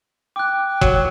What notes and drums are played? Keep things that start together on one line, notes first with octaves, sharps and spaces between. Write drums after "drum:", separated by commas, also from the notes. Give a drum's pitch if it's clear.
G5 D6 F#6
F#3, drum: kick